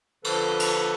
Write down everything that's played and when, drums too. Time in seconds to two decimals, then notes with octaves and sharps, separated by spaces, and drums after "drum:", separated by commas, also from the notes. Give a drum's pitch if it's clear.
0.24 D3 F3 A4 B4, drum: cymbal
0.59 drum: cymbal